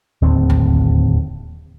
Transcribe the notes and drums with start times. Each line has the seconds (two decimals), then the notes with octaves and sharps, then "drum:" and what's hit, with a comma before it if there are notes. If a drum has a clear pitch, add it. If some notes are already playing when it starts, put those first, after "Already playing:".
0.22 D1 D#2 A2 C4
0.50 drum: tom B1